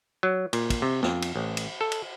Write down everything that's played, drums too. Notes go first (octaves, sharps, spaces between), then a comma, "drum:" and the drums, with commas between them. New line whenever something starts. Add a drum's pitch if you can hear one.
F#3
A#2, drum: cymbal
drum: kick, cymbal
C3
F2, drum: snare
drum: cymbal
A1
drum: cymbal
A4
drum: cymbal